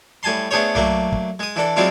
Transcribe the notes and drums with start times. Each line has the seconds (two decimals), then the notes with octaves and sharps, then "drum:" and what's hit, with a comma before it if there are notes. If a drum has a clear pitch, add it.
0.23 A2 G3 G#5 A5 C6
0.51 A3 B3 D4 G#4 C5 C#5
0.75 F#3 A3 A#3 D4, drum: tom B1
1.12 drum: kick
1.39 G#3 D#6
1.56 E3 D4 A4
1.76 F#3 G#3 C4 D4 E4 F4